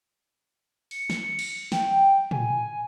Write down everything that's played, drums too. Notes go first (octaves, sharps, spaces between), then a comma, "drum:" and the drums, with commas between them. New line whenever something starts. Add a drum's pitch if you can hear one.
C#7, drum: open hi-hat
drum: snare
drum: cymbal
G5, drum: snare
G#5, drum: tom